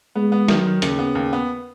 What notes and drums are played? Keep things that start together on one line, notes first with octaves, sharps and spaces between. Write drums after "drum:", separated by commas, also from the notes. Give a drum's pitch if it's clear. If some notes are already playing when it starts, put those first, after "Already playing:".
G#3 B3
B3
D#3 F#3, drum: snare
D#3
D#2 C#3, drum: hi-hat
B3
D#2
B3